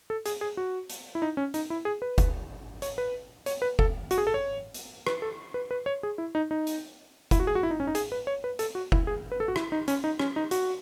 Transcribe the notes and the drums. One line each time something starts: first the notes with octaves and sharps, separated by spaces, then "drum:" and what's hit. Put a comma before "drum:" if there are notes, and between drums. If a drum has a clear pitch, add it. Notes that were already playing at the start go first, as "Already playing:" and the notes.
A4
G#4, drum: hi-hat
G#4
F#4
drum: hi-hat
E4
D#4
C#4
D#4, drum: hi-hat
E4
G#4
B4
drum: kick F1, hi-hat
C#5, drum: hi-hat
B4
C#5, drum: hi-hat
B4
A4, drum: kick F1
F#4, drum: hi-hat
G#4
A4
C#5
drum: hi-hat
B4, drum: rim click
A4
B4
B4
C#5
G#4
E4
D#4
D#4
drum: hi-hat
E4, drum: kick F1, hi-hat
F#4
G#4
F#4
E4
D#4
C#4
D#4
G#4, drum: hi-hat
B4
C#5
B4
A4, drum: hi-hat
F#4
E4, drum: kick F1
G#4
B4
A4
F#4
E4, drum: rim click
D#4
C#4, drum: hi-hat
D#4
C#4, drum: rim click
D#4
F#4, drum: hi-hat